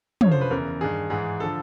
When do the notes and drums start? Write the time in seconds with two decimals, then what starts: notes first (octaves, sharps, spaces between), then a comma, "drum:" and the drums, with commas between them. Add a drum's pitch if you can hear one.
0.21 F#2 D3 F3 C#5, drum: tom
0.31 C5
0.41 B4
0.51 E2 C#3 E3 A#4
0.80 G2 D#3 G#4
1.10 G#2 E3 G#4
1.40 D3 F3 A4